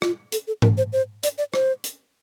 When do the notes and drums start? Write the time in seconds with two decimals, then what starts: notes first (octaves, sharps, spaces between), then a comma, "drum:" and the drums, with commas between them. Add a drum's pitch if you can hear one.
0.02 F4, drum: rim click
0.32 A4, drum: hi-hat
0.47 A4
0.62 A#4, drum: tom G#2
0.78 C5
0.93 C5
1.23 D5, drum: hi-hat
1.38 D5
1.54 C5, drum: rim click
1.84 drum: hi-hat